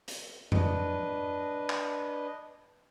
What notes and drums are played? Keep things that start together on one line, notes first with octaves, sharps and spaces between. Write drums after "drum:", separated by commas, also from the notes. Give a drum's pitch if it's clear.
drum: hi-hat
D4 B4 D#5, drum: tom F2
drum: clap